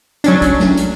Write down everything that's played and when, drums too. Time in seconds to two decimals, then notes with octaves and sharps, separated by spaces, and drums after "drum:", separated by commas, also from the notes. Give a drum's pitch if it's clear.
0.24 F#3 C#4 D4, drum: hi-hat
0.42 drum: kick, hi-hat
0.59 drum: snare
0.77 drum: hi-hat